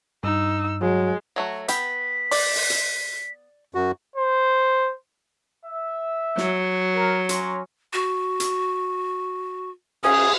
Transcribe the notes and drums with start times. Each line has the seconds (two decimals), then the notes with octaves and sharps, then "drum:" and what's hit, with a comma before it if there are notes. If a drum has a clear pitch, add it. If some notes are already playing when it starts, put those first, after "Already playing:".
0.24 G2 D#4 E6
0.82 F#3 G#3
1.36 F#3 A3 F#4
1.68 B3 G5 B6, drum: hi-hat
2.31 D5, drum: open hi-hat
2.56 drum: open hi-hat
2.70 drum: hi-hat
3.75 F#2 F#4
4.16 C5
5.66 E5
6.37 F#3, drum: snare
6.95 A#4
7.29 C#4 A#5 C6, drum: hi-hat
7.93 F#4
8.40 drum: hi-hat
10.04 C#4 G#4, drum: cymbal